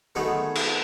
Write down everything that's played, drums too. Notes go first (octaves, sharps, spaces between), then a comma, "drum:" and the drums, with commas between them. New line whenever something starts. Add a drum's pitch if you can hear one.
D#3 F#3 G#3 A3 B3
drum: cymbal